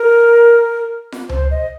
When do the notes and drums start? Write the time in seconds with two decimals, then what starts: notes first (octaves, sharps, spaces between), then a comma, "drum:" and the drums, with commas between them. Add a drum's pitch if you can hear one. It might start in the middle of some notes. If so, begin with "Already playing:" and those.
Already playing: A#4
1.12 drum: snare F4
1.29 C5, drum: tom C#2
1.51 D#5